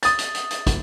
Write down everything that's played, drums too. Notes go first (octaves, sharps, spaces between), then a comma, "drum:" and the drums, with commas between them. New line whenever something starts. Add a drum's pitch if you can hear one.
D#6 A6, drum: hi-hat
drum: hi-hat
drum: hi-hat
drum: hi-hat
drum: kick, hi-hat